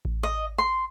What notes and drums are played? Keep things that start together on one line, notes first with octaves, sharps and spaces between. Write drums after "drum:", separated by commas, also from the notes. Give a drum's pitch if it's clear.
drum: kick A1
D#5
C6